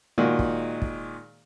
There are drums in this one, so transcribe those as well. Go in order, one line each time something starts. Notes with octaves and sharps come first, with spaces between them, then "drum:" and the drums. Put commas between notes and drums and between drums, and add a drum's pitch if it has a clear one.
A#2 D#3 G#3 F#4 G#4
drum: kick
drum: kick